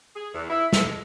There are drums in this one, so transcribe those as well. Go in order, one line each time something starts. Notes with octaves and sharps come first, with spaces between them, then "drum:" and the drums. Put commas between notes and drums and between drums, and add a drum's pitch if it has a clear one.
G#4
E2
E4
A4, drum: snare
G#3